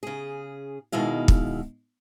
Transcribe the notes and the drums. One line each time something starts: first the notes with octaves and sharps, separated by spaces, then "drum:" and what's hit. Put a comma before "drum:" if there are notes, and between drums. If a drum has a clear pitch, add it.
C#3 G#4
B2 D#3 G#3 E4 F5
drum: kick